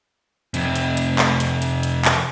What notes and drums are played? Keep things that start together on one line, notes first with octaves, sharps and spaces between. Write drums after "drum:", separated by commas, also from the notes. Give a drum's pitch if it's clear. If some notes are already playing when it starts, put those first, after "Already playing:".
F2 C3, drum: hi-hat
drum: hi-hat
drum: hi-hat
drum: clap
drum: hi-hat
drum: hi-hat
drum: hi-hat
drum: clap